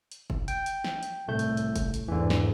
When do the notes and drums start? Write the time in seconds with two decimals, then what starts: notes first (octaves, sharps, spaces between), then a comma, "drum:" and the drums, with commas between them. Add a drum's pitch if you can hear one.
0.12 drum: hi-hat
0.30 drum: kick
0.48 G5, drum: hi-hat
0.66 drum: hi-hat
0.84 drum: snare
1.03 drum: hi-hat
1.28 C2 A2 A3 G6
1.39 drum: hi-hat
1.57 drum: hi-hat
1.76 drum: kick, hi-hat
1.94 drum: hi-hat
2.08 E2 G#2 D3 E3
2.30 drum: snare